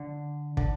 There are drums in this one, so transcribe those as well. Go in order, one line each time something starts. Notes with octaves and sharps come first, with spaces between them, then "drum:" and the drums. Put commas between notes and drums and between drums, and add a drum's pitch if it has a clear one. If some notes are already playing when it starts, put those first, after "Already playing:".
Already playing: D3
D3, drum: kick